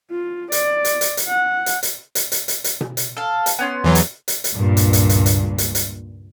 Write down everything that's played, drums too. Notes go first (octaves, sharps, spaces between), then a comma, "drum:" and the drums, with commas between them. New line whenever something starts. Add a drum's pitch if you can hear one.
F4
D5, drum: hi-hat
drum: hi-hat
drum: hi-hat
drum: hi-hat
F#5
drum: hi-hat
drum: hi-hat
drum: hi-hat
drum: hi-hat
drum: hi-hat
drum: hi-hat
drum: tom B2
drum: hi-hat
A4 F5
drum: hi-hat
B3 C#4 C6
E2 E3 F#3
drum: hi-hat
drum: hi-hat
drum: hi-hat
C#2 G2 A#2
drum: hi-hat
drum: hi-hat
drum: hi-hat
drum: hi-hat
drum: hi-hat
drum: hi-hat